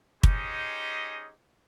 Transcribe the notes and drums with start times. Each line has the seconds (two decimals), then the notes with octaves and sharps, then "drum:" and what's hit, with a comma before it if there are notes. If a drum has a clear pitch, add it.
0.23 C#4 D#4 G4 G#4 C5 D#5, drum: kick